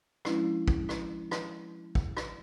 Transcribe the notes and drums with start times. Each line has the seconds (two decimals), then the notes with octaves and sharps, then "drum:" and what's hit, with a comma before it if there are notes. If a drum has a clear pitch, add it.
0.25 F3 G#3 C#4 D4 E4, drum: rim click
0.68 drum: kick
0.89 drum: rim click
1.31 drum: rim click
1.95 drum: kick
2.17 drum: rim click